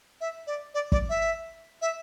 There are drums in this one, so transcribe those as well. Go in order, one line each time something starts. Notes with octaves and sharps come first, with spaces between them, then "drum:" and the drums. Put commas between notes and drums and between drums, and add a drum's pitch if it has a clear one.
E5
D5
D5
D5, drum: kick
E5
E5